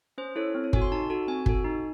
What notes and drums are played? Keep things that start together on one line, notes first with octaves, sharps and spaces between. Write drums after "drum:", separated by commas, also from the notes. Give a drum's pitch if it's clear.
C#4 C5
E4 A4 C#5
C4
C#5
F#4 A4 G#5, drum: kick G1
C6
D#4 A5
F#4 A4 A5
C4 G#5
F#4 A4, drum: kick G1
D#4